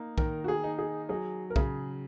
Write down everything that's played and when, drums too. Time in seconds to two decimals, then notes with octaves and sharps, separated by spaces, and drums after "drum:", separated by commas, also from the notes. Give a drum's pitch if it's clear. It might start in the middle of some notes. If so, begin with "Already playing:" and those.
Already playing: A#3 D#4
0.18 D#3 A#4, drum: kick
0.44 F#4
0.48 G#4
0.64 D#4
0.79 G#4
1.09 F#3 G#4
1.50 A#4
1.56 C#3 G#4, drum: kick